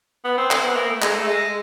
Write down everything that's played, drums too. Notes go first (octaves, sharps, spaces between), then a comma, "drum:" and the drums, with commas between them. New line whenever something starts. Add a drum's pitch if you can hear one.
B3
C4
C4, drum: clap
B3
A#3
A3
G#3, drum: clap
A3
G#3